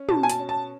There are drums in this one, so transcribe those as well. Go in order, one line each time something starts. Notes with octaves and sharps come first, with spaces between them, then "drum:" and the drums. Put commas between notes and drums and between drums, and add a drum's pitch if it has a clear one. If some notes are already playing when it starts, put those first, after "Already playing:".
Already playing: C#4
B2 A5, drum: tom
G#5
A5, drum: hi-hat
C#4
A5